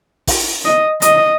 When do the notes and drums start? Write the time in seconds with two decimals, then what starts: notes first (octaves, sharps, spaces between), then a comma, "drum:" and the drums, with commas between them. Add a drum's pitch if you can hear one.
0.27 drum: kick, open hi-hat
0.65 D#5
1.02 D#5, drum: hi-hat